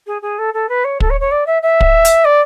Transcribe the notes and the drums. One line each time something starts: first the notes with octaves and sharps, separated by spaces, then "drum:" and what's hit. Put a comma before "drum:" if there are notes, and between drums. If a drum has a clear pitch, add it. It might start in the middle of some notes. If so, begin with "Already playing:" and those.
G#4
G#4
A4
A4
B4
C#5
A4, drum: kick
C#5
C#5
D5
E5
E5
drum: kick
drum: hi-hat
D5